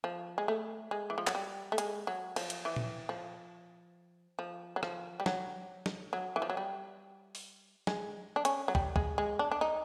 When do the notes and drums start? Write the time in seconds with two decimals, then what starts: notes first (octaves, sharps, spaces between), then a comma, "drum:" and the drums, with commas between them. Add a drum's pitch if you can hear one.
0.04 F3
0.38 G#3
0.48 A3
0.91 G#3
1.10 E3
1.18 F3
1.27 F#3, drum: clap
1.35 G3
1.72 A3
1.78 G#3, drum: hi-hat
2.07 F#3
2.36 F3, drum: cymbal
2.50 drum: hi-hat
2.65 E3
2.76 drum: tom A#2
3.09 F3
4.39 F3
4.76 F#3
4.83 F3, drum: rim click
5.20 G3
5.26 F#3, drum: snare
5.86 drum: snare
6.13 F#3
6.36 E3
6.42 F3
6.50 F#3
6.57 G3
7.35 drum: open hi-hat
7.87 G#3, drum: snare
8.36 D4
8.45 C#4, drum: hi-hat
8.68 F#3
8.75 G3, drum: kick
8.96 G#3, drum: kick
9.18 G#3
9.39 D4
9.51 D4
9.61 D#4